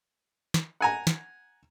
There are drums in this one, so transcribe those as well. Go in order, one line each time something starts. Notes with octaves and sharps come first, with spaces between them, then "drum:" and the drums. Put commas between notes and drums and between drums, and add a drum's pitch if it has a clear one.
drum: snare
F#5 G#5 A#5
drum: snare